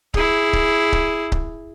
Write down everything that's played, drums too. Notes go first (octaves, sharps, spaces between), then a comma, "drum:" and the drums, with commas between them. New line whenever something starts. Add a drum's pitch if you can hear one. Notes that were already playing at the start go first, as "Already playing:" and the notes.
E4 G#4, drum: kick C#1
drum: kick C#1
drum: kick C#1
drum: kick C#1